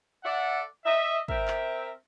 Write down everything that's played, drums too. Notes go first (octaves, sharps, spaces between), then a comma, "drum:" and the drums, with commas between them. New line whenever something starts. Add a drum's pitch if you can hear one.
A4 D5 E5 F#5
D#5 E5
C4 A#4 E5, drum: kick
drum: clap